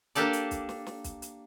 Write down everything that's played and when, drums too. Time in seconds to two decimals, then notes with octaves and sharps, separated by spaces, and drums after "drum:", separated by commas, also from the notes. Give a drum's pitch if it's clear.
0.15 A#3 D4 G4 A4 D5, drum: hi-hat
0.33 drum: hi-hat
0.51 drum: kick, hi-hat
0.69 drum: snare
0.86 drum: snare
1.04 drum: kick, hi-hat
1.22 drum: hi-hat